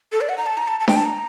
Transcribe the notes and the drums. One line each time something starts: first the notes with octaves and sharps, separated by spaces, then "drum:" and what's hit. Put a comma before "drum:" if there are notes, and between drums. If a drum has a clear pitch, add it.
A4
D5
F#5
A#5
A5
A#5
A5
A5
G5, drum: snare D4
A5
A#5